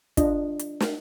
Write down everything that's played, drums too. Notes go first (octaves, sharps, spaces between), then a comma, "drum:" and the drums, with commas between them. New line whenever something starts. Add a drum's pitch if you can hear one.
D4 F4 D#5, drum: kick, hi-hat
drum: hi-hat
drum: snare